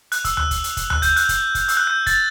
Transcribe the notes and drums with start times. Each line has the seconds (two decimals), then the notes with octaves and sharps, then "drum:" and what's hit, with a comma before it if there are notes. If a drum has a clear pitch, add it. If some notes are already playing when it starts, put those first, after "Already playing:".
0.12 F#6, drum: hi-hat
0.25 E6, drum: kick, hi-hat
0.37 F#6, drum: tom D2
0.51 drum: kick, hi-hat
0.64 drum: hi-hat
0.77 drum: kick, hi-hat
0.90 F#6, drum: tom D2
1.02 G6, drum: kick, hi-hat
1.16 F#6, drum: hi-hat
1.29 drum: kick, hi-hat
1.55 drum: kick, hi-hat
1.68 E6, drum: hi-hat
1.77 F#6
1.87 G6
2.07 A6, drum: kick, hi-hat